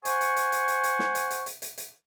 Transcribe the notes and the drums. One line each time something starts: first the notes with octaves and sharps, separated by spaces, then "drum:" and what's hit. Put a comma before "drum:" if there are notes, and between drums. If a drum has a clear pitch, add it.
C5 F#5 G#5 C#6, drum: hi-hat
drum: hi-hat
drum: hi-hat
drum: hi-hat
drum: hi-hat
drum: hi-hat
drum: snare
drum: hi-hat
drum: hi-hat
drum: hi-hat
drum: hi-hat
drum: hi-hat